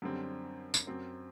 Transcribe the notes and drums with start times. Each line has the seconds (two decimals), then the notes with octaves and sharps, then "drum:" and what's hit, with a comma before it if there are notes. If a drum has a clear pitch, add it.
0.02 F#2 D3 G3 C4
0.74 drum: tambourine
0.87 F#2 F#3 C4